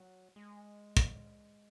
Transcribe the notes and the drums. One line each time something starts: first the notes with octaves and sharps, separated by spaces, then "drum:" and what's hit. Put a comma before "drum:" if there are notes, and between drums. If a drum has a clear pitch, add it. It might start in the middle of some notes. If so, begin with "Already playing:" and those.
Already playing: F#3
G#3
drum: kick